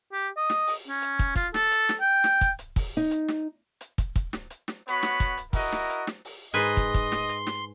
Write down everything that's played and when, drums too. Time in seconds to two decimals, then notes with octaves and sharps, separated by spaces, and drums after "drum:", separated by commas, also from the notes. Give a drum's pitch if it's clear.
0.13 G4
0.37 D#5
0.50 drum: snare
0.67 drum: open hi-hat
0.88 C#4
1.02 drum: hi-hat
1.19 drum: kick, hi-hat
1.36 F4, drum: kick, hi-hat
1.54 A4, drum: snare
1.72 drum: hi-hat
1.89 drum: snare
2.01 G5
2.24 drum: snare
2.41 drum: kick, hi-hat
2.59 drum: hi-hat
2.76 drum: kick, open hi-hat
2.97 D#4
3.11 drum: hi-hat
3.28 drum: snare
3.81 drum: hi-hat
3.98 drum: kick, hi-hat
4.16 drum: kick, hi-hat
4.33 drum: snare
4.50 drum: hi-hat
4.68 drum: snare
4.88 B3 F#4 C#5 B5, drum: hi-hat
5.03 drum: snare
5.20 drum: kick, hi-hat
5.38 drum: hi-hat
5.53 E4 F#4 A#4 D#5, drum: kick, open hi-hat
5.72 drum: snare
5.90 drum: hi-hat
6.07 drum: snare
6.25 drum: open hi-hat
6.54 G#2 G#4 B4 D#5 G#5 C6
6.77 drum: kick, hi-hat
6.94 drum: kick, hi-hat
7.12 drum: snare
7.29 drum: hi-hat
7.47 drum: snare